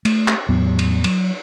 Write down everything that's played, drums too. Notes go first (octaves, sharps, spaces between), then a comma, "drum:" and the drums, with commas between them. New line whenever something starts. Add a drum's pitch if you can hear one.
A3, drum: cymbal
drum: clap
E2 A2 F#3 B3
drum: cymbal
F#3, drum: cymbal